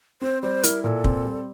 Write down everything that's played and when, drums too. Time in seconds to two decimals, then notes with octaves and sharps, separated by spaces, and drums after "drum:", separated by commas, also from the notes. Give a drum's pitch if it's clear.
0.22 C4 C5
0.43 G3 C5
0.63 E4 A#4, drum: hi-hat
0.83 A#2 A4 A#4
1.04 C4, drum: kick
1.25 G3